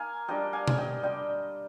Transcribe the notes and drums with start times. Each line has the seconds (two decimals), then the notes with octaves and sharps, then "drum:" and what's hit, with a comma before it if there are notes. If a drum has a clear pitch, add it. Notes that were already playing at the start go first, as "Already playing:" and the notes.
Already playing: A#3 D#4 F5 G#5
0.28 G3 D4 F4 D#5 G5
0.53 F5 G#5
0.67 drum: tom B2
0.78 D#5 G5
1.02 G3 D4 F4 D#5 G5